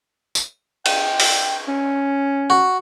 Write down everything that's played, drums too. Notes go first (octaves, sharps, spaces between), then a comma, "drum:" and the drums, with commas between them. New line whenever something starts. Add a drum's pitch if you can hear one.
drum: tambourine
G5, drum: cymbal
drum: open hi-hat
C#4
F#4